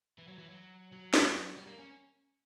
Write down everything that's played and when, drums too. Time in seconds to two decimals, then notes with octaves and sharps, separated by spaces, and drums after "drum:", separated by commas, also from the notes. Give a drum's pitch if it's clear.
0.18 E3
0.28 F#3
0.38 E3
0.49 F#3
0.93 F#3
1.14 drum: snare
1.57 G3
1.67 A#3
1.78 C#4